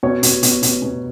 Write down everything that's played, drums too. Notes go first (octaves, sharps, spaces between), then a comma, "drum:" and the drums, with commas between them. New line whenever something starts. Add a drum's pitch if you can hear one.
B2 C#5
B2, drum: hi-hat
B2, drum: hi-hat
B2, drum: hi-hat
B2